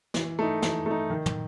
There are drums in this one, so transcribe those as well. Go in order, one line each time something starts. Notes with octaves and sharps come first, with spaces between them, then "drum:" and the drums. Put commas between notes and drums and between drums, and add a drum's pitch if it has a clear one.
E3, drum: snare
A3 D#4
E3, drum: snare
A3 D#4
D#3
drum: tom